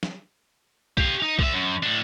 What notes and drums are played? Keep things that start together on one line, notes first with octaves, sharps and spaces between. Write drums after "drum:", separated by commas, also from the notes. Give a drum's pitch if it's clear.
drum: snare
G4 F5, drum: kick B1
D#4
D3 E5, drum: kick B1
F#2
A2 D4